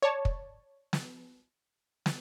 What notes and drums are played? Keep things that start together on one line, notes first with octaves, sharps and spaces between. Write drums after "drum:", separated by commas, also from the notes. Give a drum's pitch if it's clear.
C#5 D5 A5
drum: kick
drum: snare
drum: snare